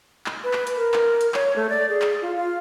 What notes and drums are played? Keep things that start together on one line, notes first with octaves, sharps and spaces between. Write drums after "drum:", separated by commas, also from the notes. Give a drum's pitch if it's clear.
drum: clap
B4
drum: clap
drum: hi-hat
A#4
drum: clap
drum: hi-hat
C#5, drum: clap
A3
D5
G#4
drum: clap
F4
F4